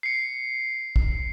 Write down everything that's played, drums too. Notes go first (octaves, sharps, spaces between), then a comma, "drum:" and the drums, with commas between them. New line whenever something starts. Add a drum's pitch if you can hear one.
C7 C#7
drum: kick